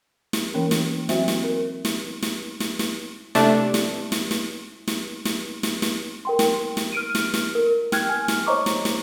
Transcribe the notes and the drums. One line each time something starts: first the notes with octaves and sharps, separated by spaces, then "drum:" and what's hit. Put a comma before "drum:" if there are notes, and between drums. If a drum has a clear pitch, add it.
drum: snare
E3 A#3 C#4 A#4
drum: snare
F#3 C4 F#4 C5 E5, drum: snare
drum: snare
A#4
drum: snare
drum: snare
drum: snare
drum: snare
C3 A3 D4, drum: snare
drum: snare
drum: snare
drum: snare
drum: snare
drum: snare
drum: snare
drum: snare
A#4 G5 C6
drum: snare
drum: snare
F6 D7 D#7
drum: snare
drum: snare
A#4
G5 F6 F#6 G#6, drum: snare
G#5 F6
drum: snare
C5 C#5 D#5 A#5 C#6 D6
drum: snare
drum: snare